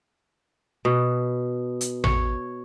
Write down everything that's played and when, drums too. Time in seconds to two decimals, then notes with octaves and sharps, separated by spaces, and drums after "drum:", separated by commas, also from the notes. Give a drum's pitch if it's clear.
0.85 B2
1.81 drum: hi-hat
2.04 C#5, drum: tom A1